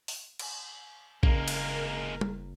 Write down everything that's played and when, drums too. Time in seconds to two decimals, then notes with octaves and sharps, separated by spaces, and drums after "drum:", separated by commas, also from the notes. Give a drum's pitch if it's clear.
0.08 drum: open hi-hat
0.39 drum: cymbal
1.23 F#1 C#3 G#3 A#3 A#4, drum: kick A#1
1.48 drum: cymbal
2.21 drum: tom G3